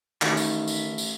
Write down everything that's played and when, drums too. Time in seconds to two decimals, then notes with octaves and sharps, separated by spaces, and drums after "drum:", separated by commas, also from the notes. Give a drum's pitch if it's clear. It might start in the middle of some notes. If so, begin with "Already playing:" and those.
0.22 A1 D#3, drum: clap
0.37 drum: tambourine
0.68 drum: tambourine
0.98 drum: tambourine